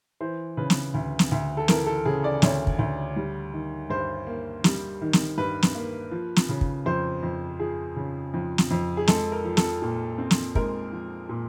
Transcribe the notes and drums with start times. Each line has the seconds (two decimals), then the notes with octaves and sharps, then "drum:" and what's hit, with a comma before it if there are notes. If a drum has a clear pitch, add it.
0.21 E3 C5
0.57 C#3 B4
0.70 drum: snare
0.94 D2
1.19 drum: snare
1.32 D2
1.57 A4
1.68 E3 A#4, drum: snare
1.86 A4
2.05 C#3 G#4
2.24 D5
2.42 D2 C#5, drum: snare
2.67 drum: kick
2.79 D2
3.16 G3
3.53 D#3
3.90 G2 C5
4.26 A#3
4.64 G3, drum: snare
5.01 D#3
5.13 drum: snare
5.38 G2 B4
5.63 drum: snare
5.75 A#3
6.11 F3
6.36 drum: snare
6.49 C#3
6.61 drum: kick
6.86 F2 C5
7.23 F2
7.59 F3 G#4
7.96 C#3
8.34 F2
8.58 drum: snare
8.71 F2
8.97 G#4
9.07 G#3 A4, drum: snare
9.32 A#4
9.44 F3
9.57 A4, drum: snare
9.82 A#2
10.18 C4
10.31 drum: snare
10.55 G#3 A#4, drum: kick
10.92 F3
11.29 A#2